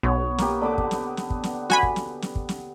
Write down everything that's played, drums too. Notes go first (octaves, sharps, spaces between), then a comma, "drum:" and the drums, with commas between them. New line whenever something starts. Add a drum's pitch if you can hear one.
B1 B3 C#5
A#3 B3 G4, drum: snare
D3 B3 D6
drum: kick
drum: snare
drum: snare
drum: kick
drum: snare
F#4 G#5 B5, drum: snare
drum: kick
drum: snare
drum: snare
drum: kick
drum: snare